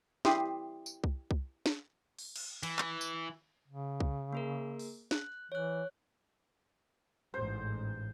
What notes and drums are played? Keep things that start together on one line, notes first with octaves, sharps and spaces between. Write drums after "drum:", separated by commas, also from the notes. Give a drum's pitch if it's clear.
E4 G4 C6 D#6, drum: snare
drum: tambourine
drum: kick C2
drum: kick C2
drum: snare
drum: open hi-hat
drum: cymbal
E3, drum: cymbal
drum: clap
drum: tambourine
C#3
drum: kick C2
A#3 G#4 A#4
drum: open hi-hat
F#6, drum: snare
E3 C#5 F#6
A1 G#2 C5